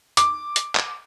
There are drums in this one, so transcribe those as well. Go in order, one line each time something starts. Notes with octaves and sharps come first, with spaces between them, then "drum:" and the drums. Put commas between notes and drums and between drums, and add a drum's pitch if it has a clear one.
D6, drum: hi-hat
drum: hi-hat
drum: clap